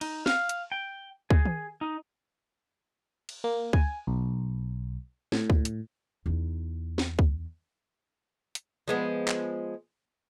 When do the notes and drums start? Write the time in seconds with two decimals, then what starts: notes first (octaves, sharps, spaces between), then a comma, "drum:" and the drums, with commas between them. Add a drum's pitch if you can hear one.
0.01 D#4, drum: cymbal
0.26 F5, drum: snare
0.49 drum: hi-hat
0.72 G5
1.30 G#4, drum: kick C#2
1.45 drum: tom D#3
1.81 D#4
3.29 drum: cymbal
3.44 A#3
3.73 G#5, drum: kick C#2
4.07 B1
5.32 A2, drum: snare
5.50 drum: kick C#2
5.65 drum: hi-hat
6.26 E2 D#4
6.98 drum: snare
7.19 drum: kick C#2
8.55 drum: hi-hat
8.88 F3 G#3 B3
9.28 drum: clap